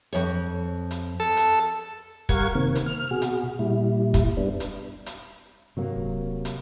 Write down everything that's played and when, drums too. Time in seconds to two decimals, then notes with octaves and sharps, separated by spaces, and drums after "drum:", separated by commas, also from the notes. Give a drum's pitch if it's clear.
0.13 F2 C#5
0.91 drum: hi-hat
1.20 A4
1.37 drum: hi-hat
2.29 G3 A#4 F5 F#5 C#6 G#6, drum: kick, hi-hat
2.55 C3 D#3 A#3 C4
2.75 drum: hi-hat
2.86 F6
3.11 B2 F#4 G#4
3.22 drum: hi-hat
3.59 A#2 G3 E4
4.14 drum: kick, hi-hat
4.37 G3 B3 D4
4.60 drum: hi-hat
5.06 drum: hi-hat
5.77 G2 C3 F#3 A#3
5.95 D1
6.45 drum: hi-hat